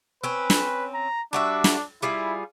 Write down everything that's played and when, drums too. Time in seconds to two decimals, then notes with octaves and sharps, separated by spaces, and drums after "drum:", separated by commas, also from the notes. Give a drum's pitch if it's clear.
0.23 C4 C#4 B4
0.50 drum: snare
0.94 A#5
1.33 G3 D4 F#4 E5
1.64 drum: snare
2.02 G3 E4 F4 G#4